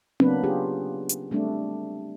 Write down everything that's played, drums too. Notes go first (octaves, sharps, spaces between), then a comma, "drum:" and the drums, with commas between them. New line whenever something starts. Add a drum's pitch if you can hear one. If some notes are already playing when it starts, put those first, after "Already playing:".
C#3 F#3 A#3 B3 D4 B4, drum: tom C4
C#4 F4 G4 G#4
drum: hi-hat
G3 A3 C4 D4